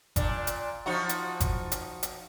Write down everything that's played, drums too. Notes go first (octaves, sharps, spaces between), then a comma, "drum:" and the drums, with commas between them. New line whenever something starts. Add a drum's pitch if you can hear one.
A#2 D4, drum: kick G1, hi-hat
drum: hi-hat
F3 D#4 F#4
drum: hi-hat
drum: kick G1, hi-hat
drum: hi-hat
drum: hi-hat